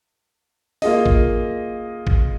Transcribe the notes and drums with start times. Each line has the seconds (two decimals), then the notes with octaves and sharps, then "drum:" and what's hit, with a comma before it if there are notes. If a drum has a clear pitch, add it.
0.82 A#3 F4 G#4 D#5, drum: open hi-hat
1.06 drum: kick
2.07 drum: kick